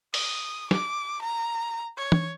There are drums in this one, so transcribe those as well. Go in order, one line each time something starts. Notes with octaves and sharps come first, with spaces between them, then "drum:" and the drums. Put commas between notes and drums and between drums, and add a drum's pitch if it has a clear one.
D#6, drum: open hi-hat
D6, drum: snare
A#5
C#5
drum: tom